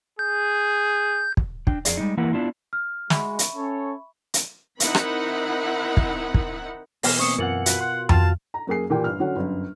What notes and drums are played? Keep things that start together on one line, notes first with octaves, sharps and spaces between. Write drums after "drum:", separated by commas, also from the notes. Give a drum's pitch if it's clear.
G#4 G6
drum: kick
D4 G5, drum: kick
F2 G#4 D5, drum: hi-hat
G3 G#3 D#4
E3 A#3 E4 A#4 B4 F#5
B3 D4 E4 F4
F6
G#3 F#4 E5 B5 C#6, drum: snare
drum: hi-hat
C#4 A4 C#5
drum: hi-hat
D#3 C4 D#4 E4 F#5 B5, drum: hi-hat
drum: rim click
drum: kick
drum: kick
B2 E3 F6 A#6, drum: open hi-hat
A#3 C4 C#6 D#6 C#7
F#2 E3 C4 F4 A#4 F#5 C#7 F#7
F4 F#4 B4 F5, drum: hi-hat
F#5 C6
F4 G5 A5 C6 F6, drum: tom F2
A#5
F#2 A#3 G#4 C7
A#2 E3 A#3 G4 G5
G1 F6
D3 F#3 C#4 F#5
G1 F#2